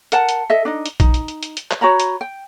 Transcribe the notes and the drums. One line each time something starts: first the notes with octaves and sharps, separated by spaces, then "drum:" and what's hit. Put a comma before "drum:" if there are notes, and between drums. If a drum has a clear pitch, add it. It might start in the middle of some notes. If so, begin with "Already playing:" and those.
A#4 F#5 A5, drum: hi-hat
drum: hi-hat
A4 D#5 E5
D4 D#4 D#5
drum: hi-hat
D#4, drum: kick A#1, hi-hat
drum: hi-hat
drum: hi-hat
drum: hi-hat
drum: hi-hat
drum: clap
F#4 C#5 A#5 B5
drum: hi-hat
G5